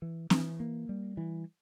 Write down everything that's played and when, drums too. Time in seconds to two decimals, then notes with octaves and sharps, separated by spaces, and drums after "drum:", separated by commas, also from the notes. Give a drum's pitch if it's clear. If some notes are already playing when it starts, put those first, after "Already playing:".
0.02 E3
0.30 E3, drum: snare C4
0.60 A#3
0.89 G3
1.17 E3